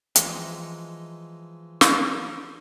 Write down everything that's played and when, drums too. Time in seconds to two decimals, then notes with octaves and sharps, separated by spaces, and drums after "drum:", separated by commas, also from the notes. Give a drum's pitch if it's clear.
0.16 E3 F3 G#3 D#4 D#5, drum: hi-hat
1.81 drum: snare